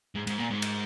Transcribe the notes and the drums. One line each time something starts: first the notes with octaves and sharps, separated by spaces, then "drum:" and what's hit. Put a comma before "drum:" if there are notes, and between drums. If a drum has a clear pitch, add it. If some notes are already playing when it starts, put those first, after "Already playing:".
G#2
G#2, drum: cymbal
A#2
G#2
drum: cymbal